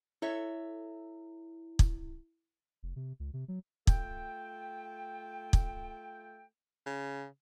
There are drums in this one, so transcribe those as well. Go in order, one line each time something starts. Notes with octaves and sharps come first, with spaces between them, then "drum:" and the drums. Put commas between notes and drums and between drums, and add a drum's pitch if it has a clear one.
E4 A4 C#5 E5
drum: kick
F1
C3
C#2
C3
F#3
A3 F4 A4 G5, drum: kick
drum: kick
C#3